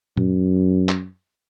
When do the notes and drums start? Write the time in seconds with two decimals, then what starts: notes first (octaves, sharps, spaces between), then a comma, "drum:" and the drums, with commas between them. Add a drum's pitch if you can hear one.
0.17 F#2, drum: tom A#2
0.89 drum: clap